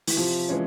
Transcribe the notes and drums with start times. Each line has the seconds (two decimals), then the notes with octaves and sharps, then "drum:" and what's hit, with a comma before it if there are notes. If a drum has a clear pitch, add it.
0.07 E3, drum: open hi-hat
0.17 C3 F3
0.49 E3 G#3 C#4